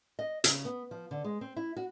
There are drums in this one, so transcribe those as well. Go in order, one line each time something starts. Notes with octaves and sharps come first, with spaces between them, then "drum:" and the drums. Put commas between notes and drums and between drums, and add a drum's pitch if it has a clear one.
D#5
C#3, drum: hi-hat
B3
F3
D3
G#3
C4
E4
F#4